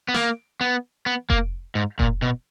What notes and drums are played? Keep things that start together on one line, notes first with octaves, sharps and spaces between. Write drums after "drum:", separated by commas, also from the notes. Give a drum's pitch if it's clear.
B3
A#3, drum: snare
B3
B3
A#3, drum: kick F1
G#2
A#2, drum: kick F1
B2